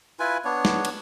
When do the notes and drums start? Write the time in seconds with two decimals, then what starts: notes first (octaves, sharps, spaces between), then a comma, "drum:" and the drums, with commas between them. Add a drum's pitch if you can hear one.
0.20 E4 F4 B4 G#5
0.45 B3 D4 C#5
0.65 drum: snare
0.85 drum: cymbal